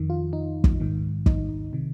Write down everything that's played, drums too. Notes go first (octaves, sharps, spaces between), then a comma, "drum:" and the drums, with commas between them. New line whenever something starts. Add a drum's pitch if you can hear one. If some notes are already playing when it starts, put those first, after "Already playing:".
Already playing: F2 D#3
F4
D#4
drum: kick
G#2 D#3
D#4, drum: kick
C3 D#3